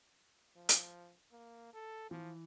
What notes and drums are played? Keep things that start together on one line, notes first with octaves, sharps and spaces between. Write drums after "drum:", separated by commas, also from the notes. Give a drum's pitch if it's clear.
F3
drum: hi-hat
A#3
A4
E3 F3